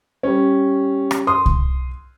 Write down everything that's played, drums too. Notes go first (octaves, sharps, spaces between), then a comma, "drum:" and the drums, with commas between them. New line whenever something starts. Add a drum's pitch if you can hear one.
G3 C#4
drum: rim click
C6 D#6
drum: kick C2